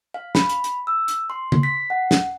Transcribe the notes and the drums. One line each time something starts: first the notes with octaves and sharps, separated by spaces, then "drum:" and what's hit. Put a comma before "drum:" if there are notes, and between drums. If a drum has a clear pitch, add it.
F5
B5, drum: snare
drum: hi-hat
drum: hi-hat
E6
drum: hi-hat
C6
drum: tom
B6
F#5
drum: snare